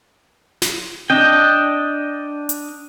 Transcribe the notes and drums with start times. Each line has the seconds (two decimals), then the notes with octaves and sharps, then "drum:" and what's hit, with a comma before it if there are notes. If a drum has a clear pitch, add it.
0.62 drum: snare
1.10 D4 D#5 G5, drum: tom C4
2.49 drum: hi-hat